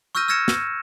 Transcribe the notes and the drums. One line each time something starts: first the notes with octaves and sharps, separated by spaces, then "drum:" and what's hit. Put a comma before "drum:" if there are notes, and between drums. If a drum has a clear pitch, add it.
C#6 E6 F6 G6 A#6 D#7
E6 F6 G#6 A#6 C#7 E7
drum: snare